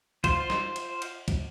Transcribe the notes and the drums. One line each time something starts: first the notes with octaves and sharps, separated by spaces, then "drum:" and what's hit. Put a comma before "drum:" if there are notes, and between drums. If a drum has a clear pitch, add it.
F4 C5, drum: kick, cymbal
drum: snare
drum: cymbal
drum: cymbal
drum: kick, cymbal